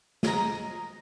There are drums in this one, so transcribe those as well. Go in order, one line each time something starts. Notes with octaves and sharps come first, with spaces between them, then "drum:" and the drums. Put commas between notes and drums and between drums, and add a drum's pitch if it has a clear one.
D#5 A#5, drum: snare